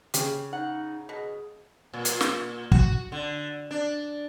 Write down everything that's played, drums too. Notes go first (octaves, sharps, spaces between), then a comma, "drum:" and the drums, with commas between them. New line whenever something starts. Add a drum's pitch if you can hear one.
C#3 G4, drum: hi-hat
D#4 F#5
B2 G#4
A#2
drum: hi-hat
drum: snare
F#4, drum: kick
D3
D4